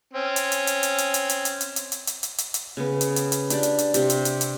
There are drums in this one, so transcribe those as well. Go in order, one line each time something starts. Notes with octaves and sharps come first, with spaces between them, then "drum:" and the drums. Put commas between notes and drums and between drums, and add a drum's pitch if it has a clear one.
C4 C#4
drum: hi-hat
drum: hi-hat
drum: hi-hat
drum: hi-hat
drum: hi-hat
drum: hi-hat
drum: hi-hat
drum: hi-hat
drum: hi-hat
drum: hi-hat
drum: hi-hat
drum: hi-hat
drum: hi-hat
drum: hi-hat
drum: hi-hat
C#3 B3
drum: hi-hat
drum: hi-hat
drum: hi-hat
D4 G4 D5, drum: hi-hat
drum: hi-hat
drum: hi-hat
C3 G4, drum: hi-hat
drum: hi-hat
drum: hi-hat
drum: hi-hat